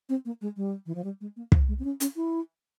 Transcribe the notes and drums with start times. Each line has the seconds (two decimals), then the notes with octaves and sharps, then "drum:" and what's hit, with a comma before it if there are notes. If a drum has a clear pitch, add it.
0.09 C4
0.25 A#3
0.41 G#3
0.57 G3
0.86 E3
0.95 F3
1.04 G3
1.21 G#3
1.36 A#3
1.52 F3, drum: kick
1.68 G#3
1.79 C4
1.84 C#4
2.00 C#4, drum: hi-hat
2.16 E4